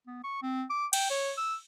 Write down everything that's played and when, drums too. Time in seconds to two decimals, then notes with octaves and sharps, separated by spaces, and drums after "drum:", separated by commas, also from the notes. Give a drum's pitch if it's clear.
0.07 B3
0.24 C#6
0.43 C4
0.70 D6
0.93 G5, drum: cymbal
1.10 C#5
1.38 E6